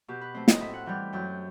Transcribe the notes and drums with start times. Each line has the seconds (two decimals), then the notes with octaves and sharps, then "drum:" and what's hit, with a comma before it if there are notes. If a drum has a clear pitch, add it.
0.08 B2 G4
0.21 B4
0.34 A3 C4 C5
0.48 D#5, drum: snare
0.60 A2 E5
0.73 F#5
0.86 E3 G3 G5
1.13 F#2 G5